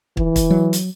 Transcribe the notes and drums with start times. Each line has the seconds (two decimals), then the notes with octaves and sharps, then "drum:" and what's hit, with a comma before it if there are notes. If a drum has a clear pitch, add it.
0.17 E3, drum: kick
0.36 drum: kick, hi-hat
0.50 F#3
0.73 drum: hi-hat